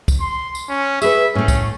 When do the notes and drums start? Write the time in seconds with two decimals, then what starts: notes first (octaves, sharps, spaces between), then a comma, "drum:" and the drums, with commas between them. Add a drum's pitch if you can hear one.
0.08 drum: kick, tambourine
0.20 C6
0.55 drum: tambourine
0.69 C#4
1.02 G#4 B4 E5, drum: tambourine
1.35 A2 A3 C#4
1.48 drum: kick, tambourine